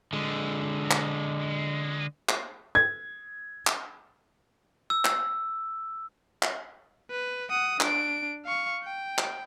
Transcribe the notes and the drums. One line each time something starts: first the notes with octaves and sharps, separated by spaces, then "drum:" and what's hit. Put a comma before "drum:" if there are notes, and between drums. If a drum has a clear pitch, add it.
D3 G#3
drum: clap
drum: clap
G#6
drum: clap
E6
drum: clap
drum: clap
B4
F#5 D#6
D4 D7, drum: clap
F5 C#6
G5
drum: clap